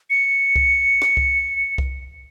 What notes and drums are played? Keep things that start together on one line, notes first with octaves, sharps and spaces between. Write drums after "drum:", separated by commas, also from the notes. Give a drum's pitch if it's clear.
C#7
drum: kick C2
drum: rim click
drum: kick C2
drum: kick C2